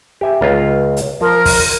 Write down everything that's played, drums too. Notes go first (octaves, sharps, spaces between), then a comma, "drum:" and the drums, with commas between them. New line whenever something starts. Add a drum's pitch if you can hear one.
G4 E5 G#5
C#2 F4 A#5
drum: hi-hat
F3 A#4
drum: kick, open hi-hat